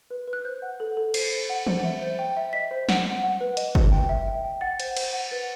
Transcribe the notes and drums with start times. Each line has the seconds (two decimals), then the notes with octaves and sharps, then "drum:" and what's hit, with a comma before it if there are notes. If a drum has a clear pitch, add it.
0.10 B4
0.28 B4
0.33 F#6
0.45 C5 G6
0.62 F#5
0.80 A4
0.97 A4
1.14 C5 C7, drum: cymbal
1.32 C5
1.50 F#5
1.67 C5, drum: tom E3
1.84 E5
2.01 C5
2.19 G5
2.37 E5
2.53 D#5 B6
2.71 C5
2.89 F#5, drum: snare
3.05 F#5
3.23 F#5
3.41 B4
3.57 D#5, drum: hi-hat
3.75 D#5, drum: kick
3.92 G5
4.09 E5
4.27 G5
4.44 G5
4.61 F#5 A6
4.80 C5, drum: hi-hat
4.97 C5, drum: cymbal
5.13 F#5
5.31 B4 A6